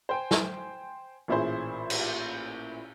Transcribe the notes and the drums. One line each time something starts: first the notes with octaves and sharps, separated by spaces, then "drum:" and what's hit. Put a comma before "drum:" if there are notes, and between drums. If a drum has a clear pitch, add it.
C5 G5 G#5
drum: snare
A1 A#2 E4 G#4 C5
drum: cymbal